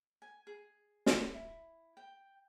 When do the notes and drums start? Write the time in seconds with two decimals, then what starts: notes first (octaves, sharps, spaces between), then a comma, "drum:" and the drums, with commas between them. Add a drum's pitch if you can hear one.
0.22 G#5
0.47 G#4
1.06 drum: snare
1.34 E4
1.97 G5